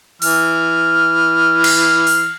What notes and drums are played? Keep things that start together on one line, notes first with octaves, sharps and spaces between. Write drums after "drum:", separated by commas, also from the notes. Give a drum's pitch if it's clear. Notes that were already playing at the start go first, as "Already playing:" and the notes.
E3 F6, drum: open hi-hat
drum: cymbal
drum: open hi-hat